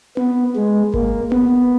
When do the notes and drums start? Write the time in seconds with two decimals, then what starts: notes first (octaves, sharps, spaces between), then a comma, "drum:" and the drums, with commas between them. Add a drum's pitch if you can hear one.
0.17 B3, drum: tom B3
0.56 G#3
0.94 A#3, drum: kick G#1
1.32 B3, drum: tom B3